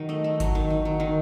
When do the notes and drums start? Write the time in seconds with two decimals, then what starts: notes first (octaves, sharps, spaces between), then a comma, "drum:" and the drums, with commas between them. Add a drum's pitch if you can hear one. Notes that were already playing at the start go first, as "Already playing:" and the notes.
Already playing: D#3 F#3
0.09 A3 D#5
0.24 A3
0.40 F#3, drum: kick G#1, hi-hat
0.55 D#3
0.70 D#3
0.85 F#3
1.00 D#3